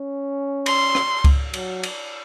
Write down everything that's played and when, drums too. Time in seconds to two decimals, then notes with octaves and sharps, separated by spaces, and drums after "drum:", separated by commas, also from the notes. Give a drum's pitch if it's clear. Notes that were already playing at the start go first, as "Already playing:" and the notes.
Already playing: C#4
0.66 C6, drum: cymbal
0.95 drum: rim click
1.24 drum: kick C#2, cymbal
1.54 F#3, drum: cymbal
1.83 drum: cymbal